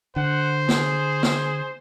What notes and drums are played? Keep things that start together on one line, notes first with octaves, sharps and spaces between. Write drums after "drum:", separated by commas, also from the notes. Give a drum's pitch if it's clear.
D3 C5 F#5
G#4, drum: snare
drum: snare